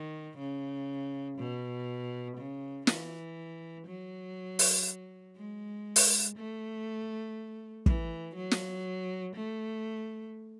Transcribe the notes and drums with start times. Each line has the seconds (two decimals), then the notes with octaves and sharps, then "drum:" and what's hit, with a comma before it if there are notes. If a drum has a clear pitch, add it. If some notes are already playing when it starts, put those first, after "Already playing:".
Already playing: D#3
0.38 C#3
1.37 B2
2.37 C#3
2.87 E3, drum: snare
3.87 F#3
4.59 drum: open hi-hat
5.36 G#3
5.96 drum: open hi-hat
6.36 A3
7.86 E3, drum: kick
8.35 F#3
8.51 drum: snare
9.36 A3